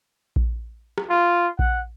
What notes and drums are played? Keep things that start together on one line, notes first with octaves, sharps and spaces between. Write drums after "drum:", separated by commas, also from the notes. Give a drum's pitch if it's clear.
drum: kick A#1
drum: rim click
F4
F#5, drum: kick A#1